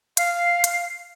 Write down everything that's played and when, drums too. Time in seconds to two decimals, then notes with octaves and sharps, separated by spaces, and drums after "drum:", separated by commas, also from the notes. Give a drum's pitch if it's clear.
0.17 F5, drum: hi-hat
0.64 drum: hi-hat